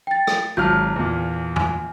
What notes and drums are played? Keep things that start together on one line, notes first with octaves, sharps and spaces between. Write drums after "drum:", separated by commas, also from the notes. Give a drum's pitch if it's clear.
G5 A6
drum: rim click
G#1 F#3 A5 F6 G6
E2 A#2
G#5, drum: tom F2